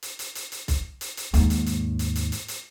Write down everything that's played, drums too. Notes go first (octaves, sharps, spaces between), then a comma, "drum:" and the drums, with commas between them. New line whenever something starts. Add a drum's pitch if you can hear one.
drum: hi-hat
drum: hi-hat
drum: hi-hat
drum: hi-hat
drum: kick B1, hi-hat
drum: hi-hat
drum: hi-hat
D#2 G#2, drum: hi-hat
drum: hi-hat
drum: hi-hat
drum: hi-hat
drum: hi-hat
drum: hi-hat
drum: hi-hat